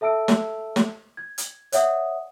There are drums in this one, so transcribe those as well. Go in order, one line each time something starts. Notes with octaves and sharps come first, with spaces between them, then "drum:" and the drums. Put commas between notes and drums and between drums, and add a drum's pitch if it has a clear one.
A4 E5 A5 E6 D7
drum: snare
drum: snare
G#6
drum: hi-hat
C#5 D5 E5 F#5 D#6, drum: hi-hat